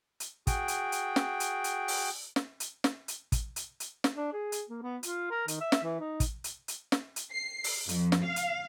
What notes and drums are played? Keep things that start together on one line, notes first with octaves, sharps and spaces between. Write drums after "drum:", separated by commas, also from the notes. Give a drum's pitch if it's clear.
drum: hi-hat
F#4 G#4 G5, drum: kick, hi-hat
drum: hi-hat
drum: hi-hat
drum: snare
drum: hi-hat
drum: hi-hat
drum: open hi-hat
drum: snare
drum: hi-hat
drum: snare
drum: hi-hat
drum: kick, hi-hat
drum: hi-hat
drum: hi-hat
drum: snare
D4
G#4
drum: hi-hat
A#3
B3
F4, drum: hi-hat
A#4
D#3, drum: hi-hat
E5
drum: snare
E3
D#4
drum: kick, hi-hat
drum: hi-hat
drum: hi-hat
drum: snare
drum: hi-hat
C7
drum: open hi-hat
F2, drum: hi-hat
drum: snare
F5
drum: hi-hat